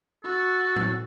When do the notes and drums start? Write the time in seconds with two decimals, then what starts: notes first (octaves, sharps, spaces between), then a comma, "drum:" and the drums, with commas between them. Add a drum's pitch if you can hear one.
0.24 F#4 A4
0.76 drum: tom